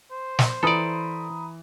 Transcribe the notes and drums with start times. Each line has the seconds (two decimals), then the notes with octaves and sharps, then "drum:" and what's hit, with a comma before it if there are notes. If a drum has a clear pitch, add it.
0.11 C5
0.39 drum: snare
0.63 E3 A4 D5 A#5 B5 D#6